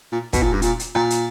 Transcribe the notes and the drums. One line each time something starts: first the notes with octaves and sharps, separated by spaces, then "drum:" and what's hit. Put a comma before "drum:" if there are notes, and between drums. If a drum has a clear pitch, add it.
A#2
B2, drum: kick, hi-hat
A#2
G2
A#2, drum: hi-hat
drum: hi-hat
A#2, drum: rim click
drum: hi-hat